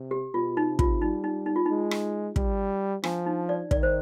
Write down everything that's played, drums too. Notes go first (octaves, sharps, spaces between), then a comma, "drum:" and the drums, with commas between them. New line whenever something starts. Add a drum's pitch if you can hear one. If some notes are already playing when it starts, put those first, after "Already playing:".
Already playing: C3
G4
B2 F4
D#4
C3
F4, drum: kick
G3 D#4
D#4
D#4
F4
G#3 D#4
drum: rim click
G3, drum: kick
F3 D4, drum: rim click
D#4
D5
D#3 D5, drum: kick
C5